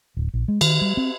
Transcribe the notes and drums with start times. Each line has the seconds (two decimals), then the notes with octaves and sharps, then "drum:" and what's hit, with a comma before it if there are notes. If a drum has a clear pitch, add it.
0.17 D1
0.34 A#1
0.48 G#3
0.61 D#3, drum: cymbal
0.81 G3
0.97 C4